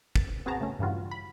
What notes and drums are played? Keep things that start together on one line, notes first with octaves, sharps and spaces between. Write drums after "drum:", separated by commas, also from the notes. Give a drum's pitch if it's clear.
A6, drum: kick
B3 C4 F#4 G#4 A5 A#5
C#3 A3 C#4
G2 C#3 E3 G3 F4 F#4
B5